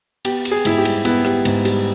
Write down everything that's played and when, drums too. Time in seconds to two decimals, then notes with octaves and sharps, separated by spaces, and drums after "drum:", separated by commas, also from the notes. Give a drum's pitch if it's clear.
0.25 B3 G4, drum: cymbal
0.45 G4, drum: cymbal
0.51 G#4
0.65 G#2 E4, drum: cymbal
0.78 G4
0.85 G3, drum: cymbal
1.05 B3 E4, drum: cymbal
1.25 G4, drum: rim click
1.45 G#2, drum: cymbal
1.65 G3, drum: cymbal